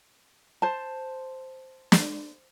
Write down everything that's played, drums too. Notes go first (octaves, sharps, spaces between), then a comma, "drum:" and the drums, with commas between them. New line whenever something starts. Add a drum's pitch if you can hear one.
C5 A5
drum: snare